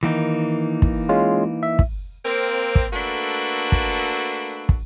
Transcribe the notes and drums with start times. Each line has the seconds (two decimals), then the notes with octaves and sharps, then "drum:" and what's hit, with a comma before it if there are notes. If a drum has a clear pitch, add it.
0.03 D#3 E3 A#3 D#4
0.82 drum: kick
1.09 G#3 C#4 F4
1.63 E5
1.79 drum: kick
2.25 A#3 C4 A#4
2.75 drum: kick
2.93 A3 A#3 D4 F#4 A4 B4
3.72 drum: kick
4.69 drum: kick